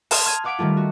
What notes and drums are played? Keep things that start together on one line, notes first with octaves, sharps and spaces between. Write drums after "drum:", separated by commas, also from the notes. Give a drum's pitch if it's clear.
A5 C6 D#6 F6 G#6, drum: open hi-hat
F6 G#6 D#7
F5 F#5 D6 G#6 B6 D7
D#3 G3 A3 F4
F#4